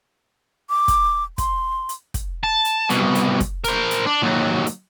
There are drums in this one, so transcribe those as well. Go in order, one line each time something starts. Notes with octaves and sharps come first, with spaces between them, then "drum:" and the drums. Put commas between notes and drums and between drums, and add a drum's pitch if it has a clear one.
D6
drum: kick, hi-hat
C6, drum: kick, hi-hat
drum: hi-hat
drum: kick, hi-hat
A5
drum: hi-hat
C2 B2, drum: hi-hat
drum: hi-hat
drum: kick, hi-hat
A#4 C5, drum: hi-hat
drum: hi-hat
D4
D#2 F#3
drum: hi-hat